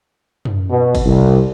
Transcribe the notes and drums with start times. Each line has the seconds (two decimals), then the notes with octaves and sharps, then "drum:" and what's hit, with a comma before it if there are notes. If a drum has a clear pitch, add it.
0.45 drum: tom F#2
0.70 B2
0.95 drum: kick G1, cymbal
1.05 C2